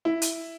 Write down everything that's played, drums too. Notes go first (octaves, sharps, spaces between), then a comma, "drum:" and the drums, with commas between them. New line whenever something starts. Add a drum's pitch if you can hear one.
E4
drum: hi-hat